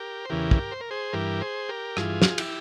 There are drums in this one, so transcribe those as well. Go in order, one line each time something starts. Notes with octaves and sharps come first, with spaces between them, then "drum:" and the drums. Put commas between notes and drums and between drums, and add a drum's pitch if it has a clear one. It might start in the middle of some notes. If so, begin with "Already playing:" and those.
Already playing: G4 A#4
C5
E2 C#3 E3 G4 A#4
drum: kick
C5
A#4
G#4 C5
G2 E3 G4 A#4
G#4 C5
G4 A#4
G2 E3 F4 G#4, drum: rim click
drum: snare
E4 G4, drum: cymbal